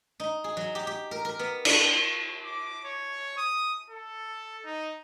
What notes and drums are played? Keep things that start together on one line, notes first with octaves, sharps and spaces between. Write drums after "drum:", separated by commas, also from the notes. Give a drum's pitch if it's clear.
D#4
G#4
F#3
G4
G4
A#4
A#4
B3
D4, drum: cymbal
G5
D6
C#5
D#6
A4
D#4